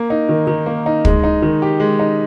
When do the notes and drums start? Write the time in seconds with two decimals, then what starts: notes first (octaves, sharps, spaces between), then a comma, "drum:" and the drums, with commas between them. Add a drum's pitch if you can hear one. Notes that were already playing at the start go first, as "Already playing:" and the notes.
Already playing: A#3
0.10 D#4
0.29 D#3
0.47 D#3
0.66 A#3
0.86 D#4
1.05 G#3, drum: kick
1.23 D#4
1.42 D#3
1.62 G4
1.80 G#3
1.99 D#4